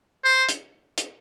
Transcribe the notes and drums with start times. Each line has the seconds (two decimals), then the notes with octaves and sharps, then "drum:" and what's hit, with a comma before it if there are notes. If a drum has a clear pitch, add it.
0.24 C5
0.49 drum: hi-hat
0.98 drum: hi-hat